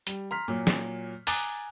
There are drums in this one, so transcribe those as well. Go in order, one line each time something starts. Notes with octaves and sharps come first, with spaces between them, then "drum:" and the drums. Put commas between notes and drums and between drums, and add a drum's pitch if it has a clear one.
G3, drum: hi-hat
A#5 C6 F6 B6
A#2 F#3
drum: snare
G#5 A#5 D6 D#6 F#6 A6, drum: open hi-hat